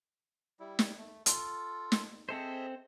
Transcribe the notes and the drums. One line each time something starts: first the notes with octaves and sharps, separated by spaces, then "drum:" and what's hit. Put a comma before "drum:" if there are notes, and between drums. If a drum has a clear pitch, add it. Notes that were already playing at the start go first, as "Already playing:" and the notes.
G3 E4
drum: snare
A3
F4 A4, drum: hi-hat
drum: snare
C4 G#4 A4 C5 D#5 E5